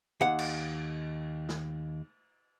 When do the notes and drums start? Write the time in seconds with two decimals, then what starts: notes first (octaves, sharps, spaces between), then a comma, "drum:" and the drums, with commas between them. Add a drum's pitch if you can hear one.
0.21 D#2 F#5
0.39 drum: cymbal
1.49 drum: snare